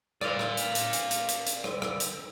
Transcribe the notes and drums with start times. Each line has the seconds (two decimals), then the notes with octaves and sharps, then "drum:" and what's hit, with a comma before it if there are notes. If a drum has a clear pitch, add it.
0.21 D5 F5, drum: rim click
0.39 drum: rim click
0.57 drum: hi-hat
0.75 drum: hi-hat
0.93 drum: hi-hat
1.11 drum: hi-hat
1.29 drum: hi-hat
1.46 drum: hi-hat
1.64 drum: rim click
1.82 drum: rim click
2.00 drum: hi-hat